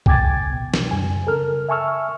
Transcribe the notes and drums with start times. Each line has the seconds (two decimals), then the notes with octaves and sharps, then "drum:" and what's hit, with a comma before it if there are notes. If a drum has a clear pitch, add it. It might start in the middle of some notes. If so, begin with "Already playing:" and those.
0.06 G5 G#5 D6 G#6 A6, drum: kick B1
0.50 B2
0.74 drum: snare
0.91 F#2 C#3 G3 G#5
1.26 C#3 A4 A#4 F6
1.69 E5 G#5 A5 C#6 E6 F6